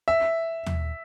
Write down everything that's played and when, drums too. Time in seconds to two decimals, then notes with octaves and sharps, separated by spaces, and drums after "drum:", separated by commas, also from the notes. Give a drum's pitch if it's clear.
0.08 E5
0.66 drum: tom D#2